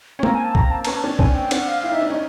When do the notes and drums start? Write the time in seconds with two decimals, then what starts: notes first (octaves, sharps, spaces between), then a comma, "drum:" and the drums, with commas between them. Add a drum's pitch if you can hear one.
0.19 C#4
0.23 A#3 C4 A#5, drum: tom G#3
0.34 G#5
0.44 A5
0.55 A#5, drum: kick B1
0.71 A5
0.84 B3 C#4 A#5, drum: cymbal
0.97 A5
1.04 C4 D4
1.19 C4 D4 G#5, drum: kick B1
1.35 G5
1.51 C4 D4 F#5, drum: cymbal
1.68 F5
1.83 E4 F5
1.92 D#4 E5
2.01 D4
2.10 C#4 D#4